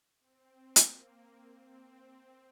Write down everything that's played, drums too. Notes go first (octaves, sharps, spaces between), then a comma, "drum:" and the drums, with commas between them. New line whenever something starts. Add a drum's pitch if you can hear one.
C4
A#3, drum: hi-hat
C4